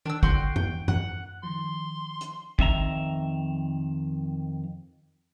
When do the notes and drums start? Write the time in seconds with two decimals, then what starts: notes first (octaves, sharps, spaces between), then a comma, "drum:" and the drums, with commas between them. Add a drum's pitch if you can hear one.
0.06 D#3 D4 E6
0.23 D3 F#4 G5 C6, drum: kick
0.56 E2 G5, drum: tom F#2
0.88 F#5, drum: tom F#2
1.43 D#3 F3 C6
2.21 drum: hi-hat
2.59 F2 D#3 E5 A#5, drum: kick